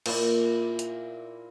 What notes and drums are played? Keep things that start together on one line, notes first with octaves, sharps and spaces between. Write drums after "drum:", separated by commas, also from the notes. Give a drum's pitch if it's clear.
A#2 E4, drum: cymbal
drum: hi-hat